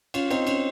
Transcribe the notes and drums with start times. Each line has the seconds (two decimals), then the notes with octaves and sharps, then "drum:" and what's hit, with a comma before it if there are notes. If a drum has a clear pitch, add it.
0.14 C#4 F4, drum: cymbal
0.31 C4 D#4, drum: cymbal
0.47 C#4, drum: cymbal